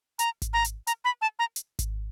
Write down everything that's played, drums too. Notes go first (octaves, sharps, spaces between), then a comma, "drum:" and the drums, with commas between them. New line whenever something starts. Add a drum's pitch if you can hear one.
A#5, drum: hi-hat
drum: kick G#1, hi-hat
A#5
drum: hi-hat
A#5, drum: hi-hat
B5
A5
A#5
drum: hi-hat
drum: kick G#1, hi-hat